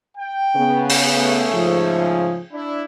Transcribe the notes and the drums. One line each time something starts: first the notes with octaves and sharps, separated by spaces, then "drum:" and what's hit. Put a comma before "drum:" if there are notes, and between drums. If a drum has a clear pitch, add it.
G5
C#3 B3
drum: open hi-hat
A3 C#4 G#4
G#2 C#3 F3
D4 E4